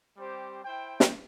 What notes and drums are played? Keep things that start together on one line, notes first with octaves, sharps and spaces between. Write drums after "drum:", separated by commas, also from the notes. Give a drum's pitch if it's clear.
G3 C4 G4 C5 G5
E4 C5 G5
drum: snare